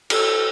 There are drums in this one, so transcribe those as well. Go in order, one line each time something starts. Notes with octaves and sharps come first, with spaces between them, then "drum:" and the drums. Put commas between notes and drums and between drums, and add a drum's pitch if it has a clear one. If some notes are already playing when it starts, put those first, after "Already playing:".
A4, drum: cymbal